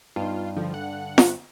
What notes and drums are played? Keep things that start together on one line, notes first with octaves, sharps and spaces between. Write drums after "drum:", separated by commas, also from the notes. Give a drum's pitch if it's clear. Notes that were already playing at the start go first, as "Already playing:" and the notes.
G2 B3 D#4 F4
D3 F3
F#5
drum: snare F4